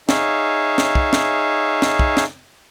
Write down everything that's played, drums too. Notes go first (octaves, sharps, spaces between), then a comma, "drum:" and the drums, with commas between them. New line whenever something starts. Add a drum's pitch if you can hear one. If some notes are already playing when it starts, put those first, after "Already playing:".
D#4 G#4 C#5 E5 F5, drum: snare
drum: snare
drum: kick
drum: snare
drum: snare
drum: kick
drum: snare